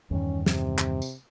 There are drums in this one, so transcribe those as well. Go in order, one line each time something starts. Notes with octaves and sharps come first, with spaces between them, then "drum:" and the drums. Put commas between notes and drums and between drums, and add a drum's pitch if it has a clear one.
E2 G2 D#3 C#4
C3, drum: snare
drum: clap
drum: tambourine